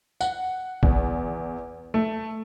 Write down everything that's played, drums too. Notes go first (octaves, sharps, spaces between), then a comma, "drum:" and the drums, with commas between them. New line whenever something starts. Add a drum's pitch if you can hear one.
F#5, drum: tambourine
E2, drum: kick
A3